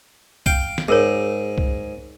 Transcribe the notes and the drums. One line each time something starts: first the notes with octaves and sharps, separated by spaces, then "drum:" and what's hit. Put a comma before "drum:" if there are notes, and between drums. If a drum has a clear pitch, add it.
F5 G5, drum: kick C2
drum: snare
G#2 G#4 A#4 C#5
drum: kick C2